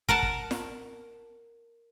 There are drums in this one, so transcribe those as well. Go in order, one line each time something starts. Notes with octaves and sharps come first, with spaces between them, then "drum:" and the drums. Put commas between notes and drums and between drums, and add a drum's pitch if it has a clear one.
A#4 F#5 A5, drum: kick
drum: kick
drum: snare